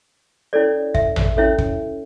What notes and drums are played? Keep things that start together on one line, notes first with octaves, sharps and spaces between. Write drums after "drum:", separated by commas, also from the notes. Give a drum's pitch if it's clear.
C#4 E4 A4 C#5 D5
E5, drum: kick
drum: tom A1
C#4 E4 A4 C#5 E5
drum: kick